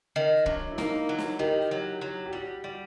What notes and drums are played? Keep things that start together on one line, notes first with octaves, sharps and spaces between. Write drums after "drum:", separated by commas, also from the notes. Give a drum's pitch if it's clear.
D#3
F#3 D4, drum: kick
E4
A#3 D#4, drum: snare
F#3
drum: snare
D#3 G4
F#3
F#3
G4
G3 F#4
G3 F#4